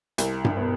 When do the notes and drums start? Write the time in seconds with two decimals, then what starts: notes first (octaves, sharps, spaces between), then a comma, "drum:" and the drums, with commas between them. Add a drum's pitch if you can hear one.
0.18 C2, drum: hi-hat
0.45 drum: tom G2
0.57 B2 B3